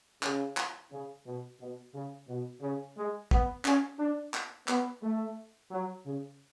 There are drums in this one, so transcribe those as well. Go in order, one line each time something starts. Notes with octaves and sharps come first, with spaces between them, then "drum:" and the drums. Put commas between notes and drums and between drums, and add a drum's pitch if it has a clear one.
C#3, drum: clap
drum: clap
C#3
B2
B2
C#3
B2
C#3
G#3
B3, drum: kick
C#4, drum: clap
D4
drum: clap
B3, drum: clap
A3
F#3
C#3